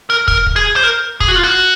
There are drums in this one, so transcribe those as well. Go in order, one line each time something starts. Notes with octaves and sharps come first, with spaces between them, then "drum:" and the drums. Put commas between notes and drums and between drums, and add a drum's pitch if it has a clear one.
A#4
A#4, drum: kick
drum: kick
G#4
C5
A#4
G#4, drum: kick
F#4
F4
F#4